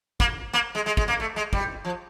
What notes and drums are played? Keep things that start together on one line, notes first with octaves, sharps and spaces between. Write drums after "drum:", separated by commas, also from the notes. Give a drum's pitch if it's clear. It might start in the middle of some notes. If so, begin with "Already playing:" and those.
A#3, drum: kick
A#3
G#3
G#3
G#3, drum: kick
A#3
A3
G#3
G3, drum: kick
F3